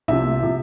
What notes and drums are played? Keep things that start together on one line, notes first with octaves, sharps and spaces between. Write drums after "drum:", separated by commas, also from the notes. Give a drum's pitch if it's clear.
C2 C3 F3 E5, drum: tom
C3 F3